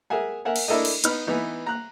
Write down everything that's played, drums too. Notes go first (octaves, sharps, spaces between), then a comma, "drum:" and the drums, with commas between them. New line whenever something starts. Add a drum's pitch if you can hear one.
G#4 A#4 E5 F#5 G#5
A#4 E5 F#5 G#5
drum: cymbal
D4 E4 A4 A#4 D#5
drum: cymbal
B3 D#4 B5 F6, drum: hi-hat
E3 B3 D#4
A#5 F#6